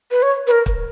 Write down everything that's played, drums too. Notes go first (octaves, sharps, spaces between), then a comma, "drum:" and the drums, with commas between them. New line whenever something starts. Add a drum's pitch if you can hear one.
B4
C#5
B4
A#4
drum: kick